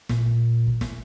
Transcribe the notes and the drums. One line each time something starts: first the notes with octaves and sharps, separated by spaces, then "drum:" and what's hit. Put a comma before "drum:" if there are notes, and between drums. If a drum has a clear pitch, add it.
A#2, drum: snare
drum: kick
drum: snare